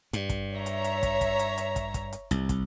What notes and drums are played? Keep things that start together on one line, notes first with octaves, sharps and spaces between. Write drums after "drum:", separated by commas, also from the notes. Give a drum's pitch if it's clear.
G2, drum: hi-hat
drum: kick, hi-hat
C#5 E5 A#5
drum: hi-hat
drum: hi-hat
drum: kick, hi-hat
drum: kick, hi-hat
drum: hi-hat
drum: hi-hat
drum: kick, hi-hat
drum: kick, hi-hat
drum: hi-hat
C2, drum: hi-hat
drum: kick, hi-hat